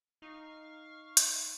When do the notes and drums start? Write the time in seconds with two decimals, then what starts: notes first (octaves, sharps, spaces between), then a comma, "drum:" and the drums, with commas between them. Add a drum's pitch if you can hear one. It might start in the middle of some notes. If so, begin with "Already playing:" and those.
0.22 D#4 F5 C#6 F6
1.17 drum: hi-hat